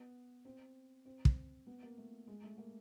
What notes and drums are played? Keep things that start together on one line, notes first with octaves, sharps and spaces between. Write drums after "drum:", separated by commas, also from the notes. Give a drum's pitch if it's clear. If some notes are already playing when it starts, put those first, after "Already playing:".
Already playing: B3
C4
C4
drum: kick
B3
A#3
A3
G#3
A3
A#3